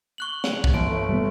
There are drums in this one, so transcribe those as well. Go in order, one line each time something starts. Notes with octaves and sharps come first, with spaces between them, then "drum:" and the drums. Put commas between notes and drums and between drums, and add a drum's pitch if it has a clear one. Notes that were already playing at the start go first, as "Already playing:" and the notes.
C#6 F#6 F#7
F7 F#7, drum: snare
drum: kick
G1 D7
A3
G3 B3